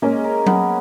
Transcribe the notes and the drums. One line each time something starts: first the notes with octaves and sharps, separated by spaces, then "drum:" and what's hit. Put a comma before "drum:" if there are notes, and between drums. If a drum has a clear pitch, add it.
G#3 A#3 C#4
A#4
B3, drum: tom F#3